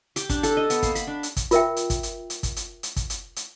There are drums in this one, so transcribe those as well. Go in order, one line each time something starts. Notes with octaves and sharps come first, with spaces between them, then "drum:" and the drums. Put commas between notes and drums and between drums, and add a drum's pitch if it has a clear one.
G4, drum: hi-hat
D4, drum: kick, hi-hat
A4, drum: hi-hat
D#5
B3, drum: hi-hat
A#3, drum: kick, hi-hat
B5, drum: hi-hat
D4
drum: hi-hat
drum: kick, hi-hat
F4 A#4 E5 G5, drum: hi-hat
drum: hi-hat
drum: kick, hi-hat
drum: hi-hat
drum: hi-hat
drum: kick, hi-hat
drum: hi-hat
drum: hi-hat
drum: kick, hi-hat
drum: hi-hat
drum: hi-hat